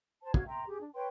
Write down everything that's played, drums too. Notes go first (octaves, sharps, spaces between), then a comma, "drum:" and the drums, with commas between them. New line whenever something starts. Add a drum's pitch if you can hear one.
C5 A5
F#4 F5 G#6, drum: kick
E5 G5 A#5 C6
G4 G#4
D4
B4 C#5 G5 C6